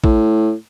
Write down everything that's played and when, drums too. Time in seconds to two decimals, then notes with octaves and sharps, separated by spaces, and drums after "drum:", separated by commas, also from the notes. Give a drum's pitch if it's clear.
0.04 A2, drum: kick